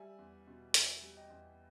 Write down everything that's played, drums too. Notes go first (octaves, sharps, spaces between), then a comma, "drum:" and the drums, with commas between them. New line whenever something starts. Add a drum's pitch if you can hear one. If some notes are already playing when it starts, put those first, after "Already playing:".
Already playing: G3 E5 G#5
E2
B2
E2 E5 G#5, drum: hi-hat
G3
D#5 G5
E2